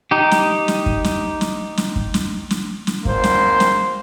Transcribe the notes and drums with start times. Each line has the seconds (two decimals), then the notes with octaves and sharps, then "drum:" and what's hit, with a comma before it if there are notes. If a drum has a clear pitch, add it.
0.11 D#4 G4
0.31 drum: snare
0.68 drum: snare
0.86 drum: kick
1.04 drum: snare
1.41 drum: snare
1.77 drum: snare
1.96 drum: kick
2.14 drum: snare
2.51 drum: snare
2.87 drum: snare
3.05 G#1 A#3 C5, drum: kick
3.24 drum: snare
3.60 drum: snare